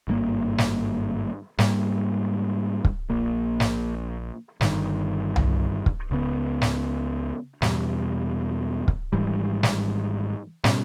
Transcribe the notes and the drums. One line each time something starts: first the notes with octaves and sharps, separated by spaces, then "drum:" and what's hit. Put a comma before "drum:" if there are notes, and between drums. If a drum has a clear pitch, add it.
G#1 G2 D#3 A#3
drum: snare
G#2 G3 A#3, drum: snare
drum: kick
A#1 A#2 A#3
drum: snare
G1 G2 D#3, drum: snare
drum: tom C2
drum: kick
C#2 C#3 G#3 B3
drum: snare
E2 B2 G3, drum: snare
drum: kick
G#1 G#2 E3 G3
drum: snare
B2 G3 C#4, drum: snare